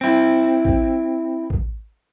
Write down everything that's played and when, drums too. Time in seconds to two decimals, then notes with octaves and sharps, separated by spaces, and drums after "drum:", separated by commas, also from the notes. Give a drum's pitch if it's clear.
0.01 C4 E4
0.65 drum: kick A1
1.50 drum: kick A1